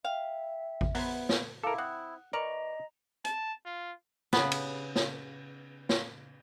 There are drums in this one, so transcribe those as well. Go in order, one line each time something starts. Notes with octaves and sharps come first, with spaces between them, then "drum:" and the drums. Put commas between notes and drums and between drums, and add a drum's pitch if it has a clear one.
E5 F5 G5
drum: kick A1
F#3 B3 B4 C5 G#6, drum: open hi-hat
drum: snare
E4 A4 A#4 F5 D6
C4 F#5 D#6
E3 A#4 D5 D#5 A#5 C#6 F7
A5, drum: hi-hat
F4
C#3 B3, drum: snare
drum: cymbal
drum: snare
drum: snare